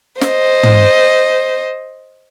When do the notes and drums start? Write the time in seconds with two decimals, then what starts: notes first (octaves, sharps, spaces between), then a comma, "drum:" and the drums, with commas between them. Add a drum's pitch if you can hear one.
0.21 C5 D#5, drum: snare
0.63 drum: tom